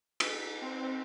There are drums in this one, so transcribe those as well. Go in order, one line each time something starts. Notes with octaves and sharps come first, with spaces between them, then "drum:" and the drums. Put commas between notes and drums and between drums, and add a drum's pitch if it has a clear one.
B6, drum: cymbal
C4